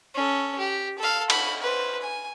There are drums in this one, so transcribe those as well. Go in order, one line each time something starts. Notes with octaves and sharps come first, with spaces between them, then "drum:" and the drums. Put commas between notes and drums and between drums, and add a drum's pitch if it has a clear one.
C#4 A4
G4
A4 F5
B5, drum: cymbal
B4 C5
G#5